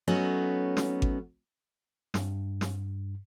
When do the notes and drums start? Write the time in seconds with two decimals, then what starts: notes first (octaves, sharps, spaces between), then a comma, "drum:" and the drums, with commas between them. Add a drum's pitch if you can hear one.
0.08 F#3 A3 B3 C#4 D#4
0.77 drum: snare
1.02 drum: kick G#1
2.14 G2, drum: snare
2.61 drum: snare